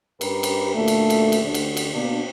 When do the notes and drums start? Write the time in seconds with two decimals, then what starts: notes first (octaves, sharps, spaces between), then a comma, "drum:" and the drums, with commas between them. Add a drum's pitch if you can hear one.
0.21 G2 G4 A#4 B4, drum: cymbal
0.43 drum: cymbal
0.74 D2 A#2 A3
0.88 drum: cymbal
1.10 drum: cymbal
1.32 drum: cymbal
1.44 D2 D3
1.54 drum: cymbal
1.77 drum: cymbal
1.93 B2 A#3 D4